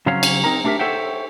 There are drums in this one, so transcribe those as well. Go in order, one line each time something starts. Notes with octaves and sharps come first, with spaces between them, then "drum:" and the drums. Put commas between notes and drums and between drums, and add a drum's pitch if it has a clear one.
C#3 F#3 C4 C#4 C#5 F5
drum: cymbal
C4 D#4 A#4 A#5
A3 D4 G4 A4 A#4 E5
A4 C5 C#5 E5 F#5 G5